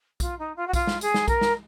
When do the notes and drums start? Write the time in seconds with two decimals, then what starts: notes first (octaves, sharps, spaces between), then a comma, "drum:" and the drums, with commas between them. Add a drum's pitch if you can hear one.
0.20 F4, drum: kick B1, tambourine
0.38 D#4
0.56 F4
0.67 F#4
0.73 F4, drum: kick B1, tambourine
0.87 drum: snare
1.01 G#4, drum: tambourine
1.14 drum: snare
1.28 A#4, drum: kick B1, tambourine
1.41 drum: snare